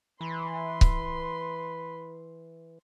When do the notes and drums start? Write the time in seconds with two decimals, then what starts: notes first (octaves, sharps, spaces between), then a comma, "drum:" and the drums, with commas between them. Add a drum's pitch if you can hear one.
0.21 E3 B4 C6
0.81 drum: kick C#1